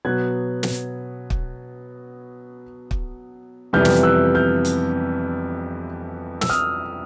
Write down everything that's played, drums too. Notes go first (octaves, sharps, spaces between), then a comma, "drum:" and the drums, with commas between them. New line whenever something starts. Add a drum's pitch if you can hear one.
B2 F#3 B3 F#6 G#6
drum: snare
drum: kick
drum: kick
F2 C3 E3 G3 B3 F6 G6
drum: snare
E6 F#6
F6 G6
drum: hi-hat
E6, drum: snare
D#6 F6